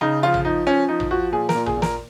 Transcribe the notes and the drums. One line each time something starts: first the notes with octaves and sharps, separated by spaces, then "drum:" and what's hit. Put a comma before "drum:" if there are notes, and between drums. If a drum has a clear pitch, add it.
C#3 D#4
F3 F4
drum: tom A1
F3 D#4
F3 C#4
F3 D#4
drum: tom A1
F3 F#4
A#2 G#4
A#4, drum: snare
A#2
G#4, drum: tom A1
A#2
A#4, drum: snare